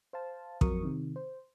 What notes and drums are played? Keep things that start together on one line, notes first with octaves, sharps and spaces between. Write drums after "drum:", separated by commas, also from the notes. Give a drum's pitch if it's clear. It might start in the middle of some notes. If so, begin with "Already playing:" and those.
C5 F5 A5
F2 F#3 A#4 C#6 D#6, drum: kick
C3 D#3
C5